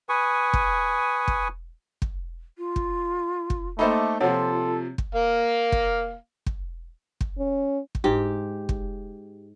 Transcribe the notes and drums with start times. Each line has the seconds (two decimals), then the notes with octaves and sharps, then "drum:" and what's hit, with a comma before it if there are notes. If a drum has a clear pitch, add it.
0.09 B4 G#5 C#6 D#6
0.53 drum: kick
1.28 drum: kick
2.02 drum: kick
2.57 F4
2.76 drum: kick
3.50 drum: kick
3.79 A3 A#3 D#4 A4 C5 E5 B5 D6
4.21 C3 F3 F4 A4 C#5 F#5
4.98 drum: kick
5.15 A#3 F5
5.72 drum: kick
6.46 drum: kick
7.21 drum: kick
7.39 C#4
7.95 drum: kick
8.04 G#2 G4
8.69 drum: kick